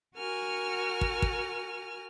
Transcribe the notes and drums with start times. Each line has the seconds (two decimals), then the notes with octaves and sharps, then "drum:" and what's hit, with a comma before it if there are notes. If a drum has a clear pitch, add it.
0.17 F#4 A#4 G#5 F6
1.01 drum: kick
1.22 drum: kick